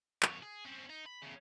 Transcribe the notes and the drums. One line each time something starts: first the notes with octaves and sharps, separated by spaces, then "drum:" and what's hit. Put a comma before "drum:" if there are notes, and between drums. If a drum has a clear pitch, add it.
F2 C#5, drum: clap
G#4
C4 C#4
D#4
B5
E2 C#3